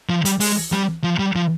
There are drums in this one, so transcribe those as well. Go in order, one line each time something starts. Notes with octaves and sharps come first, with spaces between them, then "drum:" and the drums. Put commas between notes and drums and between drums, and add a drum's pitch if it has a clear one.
F3
G3, drum: hi-hat
G#3, drum: open hi-hat
G3, drum: snare
F3
G3
F3